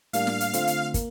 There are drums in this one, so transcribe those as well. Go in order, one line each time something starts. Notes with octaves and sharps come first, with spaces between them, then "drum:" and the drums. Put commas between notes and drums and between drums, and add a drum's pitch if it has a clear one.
A2 G3 A#3 D4 F5, drum: hi-hat
drum: snare
drum: hi-hat
D3 A3 C4 F4, drum: hi-hat
drum: hi-hat
A#3, drum: kick, hi-hat